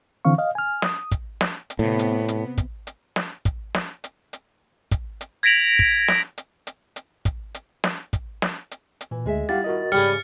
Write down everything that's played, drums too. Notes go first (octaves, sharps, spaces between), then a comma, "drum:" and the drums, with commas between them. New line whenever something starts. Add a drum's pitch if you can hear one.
D3 E3 C4 F5 C#6
D#5 F5
G#5 F6
D#6, drum: snare
drum: kick, hi-hat
drum: snare
drum: hi-hat
A2 C3 B3
drum: hi-hat
drum: hi-hat
drum: kick, hi-hat
drum: hi-hat
drum: snare
drum: kick, hi-hat
drum: snare
drum: hi-hat
drum: hi-hat
drum: kick, hi-hat
drum: hi-hat
G#6 A#6 B6 D7 F7 F#7
drum: kick
drum: snare
drum: hi-hat
drum: hi-hat
drum: hi-hat
drum: kick, hi-hat
drum: hi-hat
drum: snare
drum: kick, hi-hat
drum: snare
drum: hi-hat
drum: hi-hat
A#2 E3
D2 G#3 G#4 E5
G3 E4 F4 G4 F5 F#5 A6
F#4 A#4 D#5
G#2 C#3 G3 G#4 D5 B5 F6 C#7